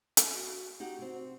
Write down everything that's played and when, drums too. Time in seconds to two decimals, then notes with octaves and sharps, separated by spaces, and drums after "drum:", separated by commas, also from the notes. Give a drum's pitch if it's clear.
0.17 drum: hi-hat
0.32 F#4
0.80 D#4 F#4 G4 F#5
0.98 C3 C4